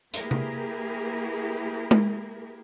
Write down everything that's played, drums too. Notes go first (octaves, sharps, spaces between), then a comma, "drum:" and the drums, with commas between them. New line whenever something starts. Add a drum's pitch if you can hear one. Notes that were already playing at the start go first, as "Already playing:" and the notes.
A#3 E4 G4 G#4 A#4 B4, drum: hi-hat
drum: tom C3
drum: tom G#3